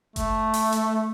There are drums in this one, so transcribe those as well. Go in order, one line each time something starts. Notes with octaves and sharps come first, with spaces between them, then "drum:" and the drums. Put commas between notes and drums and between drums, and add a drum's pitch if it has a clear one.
A3, drum: kick F#1, hi-hat
drum: open hi-hat
drum: hi-hat